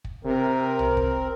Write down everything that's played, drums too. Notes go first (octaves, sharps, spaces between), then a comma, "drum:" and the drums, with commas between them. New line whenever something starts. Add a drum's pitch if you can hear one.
drum: kick
C3 C4 A#4
drum: tom C2
drum: kick